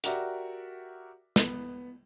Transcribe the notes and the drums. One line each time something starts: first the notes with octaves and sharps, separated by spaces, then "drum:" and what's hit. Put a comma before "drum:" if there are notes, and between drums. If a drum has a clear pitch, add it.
F#4 G4 A#4 D5 E5 F#5, drum: hi-hat
B3, drum: snare